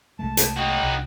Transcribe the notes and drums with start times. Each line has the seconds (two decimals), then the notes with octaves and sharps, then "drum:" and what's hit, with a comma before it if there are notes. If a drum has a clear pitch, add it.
0.19 C2 G#3 A3 A5
0.37 drum: hi-hat
0.57 D#4 F#4 G5
0.82 C2